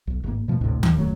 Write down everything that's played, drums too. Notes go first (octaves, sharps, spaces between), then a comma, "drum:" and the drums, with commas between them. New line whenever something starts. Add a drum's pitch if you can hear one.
B1
G#1 A#3
B2 F3 A3
G#1 D2 A2 C3
D#2, drum: tom D#3
D1 F#2 F#3 A3